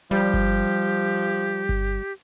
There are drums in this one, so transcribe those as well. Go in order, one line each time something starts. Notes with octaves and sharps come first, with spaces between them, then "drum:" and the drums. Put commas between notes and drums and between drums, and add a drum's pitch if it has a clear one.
F3 G3 G4
drum: kick G1
drum: kick G1